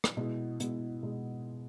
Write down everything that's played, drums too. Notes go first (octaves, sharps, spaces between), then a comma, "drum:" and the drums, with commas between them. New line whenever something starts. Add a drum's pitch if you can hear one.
drum: rim click
B2 G#3 B3 E4
B2 G#3 B3 E4, drum: hi-hat
B2 G#3